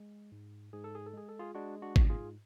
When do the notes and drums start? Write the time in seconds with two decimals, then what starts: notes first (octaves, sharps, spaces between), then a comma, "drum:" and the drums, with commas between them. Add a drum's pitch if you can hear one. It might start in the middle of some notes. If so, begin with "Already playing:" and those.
Already playing: G#3
0.32 G#2
0.73 G#2 G#4
0.84 A4
0.95 G#4
1.06 A4
1.13 G#3 G#4
1.29 A4
1.39 F4 G#4
1.55 G#3 D4 F#4
1.82 D4 F#4
1.96 G#2, drum: kick G#1
2.10 F4 G#4